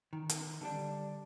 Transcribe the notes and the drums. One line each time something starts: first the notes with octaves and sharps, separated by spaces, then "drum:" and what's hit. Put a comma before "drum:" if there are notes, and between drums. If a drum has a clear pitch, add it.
D#3
drum: hi-hat
D3 G3 D4